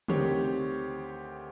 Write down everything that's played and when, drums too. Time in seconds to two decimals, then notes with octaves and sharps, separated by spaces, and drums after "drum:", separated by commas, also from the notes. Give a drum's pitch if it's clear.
0.08 D2 D#3 C4 G4 C#5, drum: tom